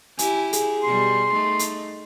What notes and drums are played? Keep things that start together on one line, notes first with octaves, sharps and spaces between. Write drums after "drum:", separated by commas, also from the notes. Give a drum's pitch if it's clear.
E4 G4 G#5, drum: hi-hat
G#4, drum: hi-hat
B2 G3 C6
A3 D#4
drum: hi-hat